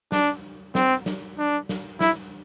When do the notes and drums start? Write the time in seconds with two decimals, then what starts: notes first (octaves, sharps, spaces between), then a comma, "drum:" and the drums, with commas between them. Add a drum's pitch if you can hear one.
0.12 D4, drum: snare
0.75 C4, drum: snare
1.06 drum: snare
1.38 D4
1.69 drum: snare
2.01 E4, drum: snare